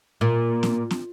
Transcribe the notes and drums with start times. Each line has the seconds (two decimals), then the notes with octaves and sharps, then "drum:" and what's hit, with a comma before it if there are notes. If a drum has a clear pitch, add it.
0.21 A#2
0.63 drum: snare
0.91 drum: snare